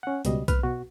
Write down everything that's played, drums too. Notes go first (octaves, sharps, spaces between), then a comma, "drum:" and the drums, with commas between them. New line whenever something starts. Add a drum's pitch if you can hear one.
C#4 F#5
C#2 B2 G3 D#5, drum: hi-hat
B4 F6, drum: kick B1, hi-hat
B2 F#4